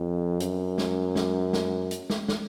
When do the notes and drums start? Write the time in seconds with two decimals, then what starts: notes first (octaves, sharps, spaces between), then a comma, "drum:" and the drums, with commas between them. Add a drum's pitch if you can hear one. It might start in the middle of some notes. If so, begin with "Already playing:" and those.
Already playing: F2
0.40 F#2, drum: hi-hat
0.78 drum: snare
1.16 drum: snare
1.53 drum: snare
1.91 drum: hi-hat
2.10 drum: snare
2.28 drum: snare